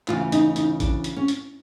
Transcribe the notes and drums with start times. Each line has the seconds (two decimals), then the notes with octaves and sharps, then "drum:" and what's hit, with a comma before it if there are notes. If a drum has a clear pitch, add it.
0.08 D2 C#3 E3 F4, drum: clap
0.32 D#4, drum: hi-hat
0.56 D#4, drum: hi-hat
0.80 D4, drum: kick A1, hi-hat
1.04 drum: hi-hat
1.16 C#4
1.28 drum: hi-hat